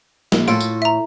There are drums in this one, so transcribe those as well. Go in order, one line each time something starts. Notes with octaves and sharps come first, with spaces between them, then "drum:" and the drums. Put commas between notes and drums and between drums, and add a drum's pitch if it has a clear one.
A#1, drum: snare
A2 F4 A4 D7
drum: tambourine
E5 A#5